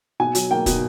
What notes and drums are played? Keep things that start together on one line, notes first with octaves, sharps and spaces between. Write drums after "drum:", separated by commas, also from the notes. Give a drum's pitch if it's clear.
B2 G#5
F#3, drum: hi-hat
A#3 G5
B2, drum: kick, hi-hat